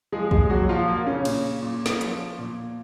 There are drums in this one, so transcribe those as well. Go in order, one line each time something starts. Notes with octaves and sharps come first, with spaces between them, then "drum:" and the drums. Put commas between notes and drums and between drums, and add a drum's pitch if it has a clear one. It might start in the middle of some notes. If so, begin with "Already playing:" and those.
F3 G#3 G#4
G#3 G#4, drum: kick
A#2 F#3 F#4
F3 F4
A#2 A#3
C#3 C#4
A#2, drum: cymbal
A#2
drum: snare
F3, drum: hi-hat
A#2